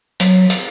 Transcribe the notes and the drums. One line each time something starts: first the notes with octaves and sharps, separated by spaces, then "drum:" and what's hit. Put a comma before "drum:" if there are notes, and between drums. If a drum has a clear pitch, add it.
F#3, drum: hi-hat
drum: hi-hat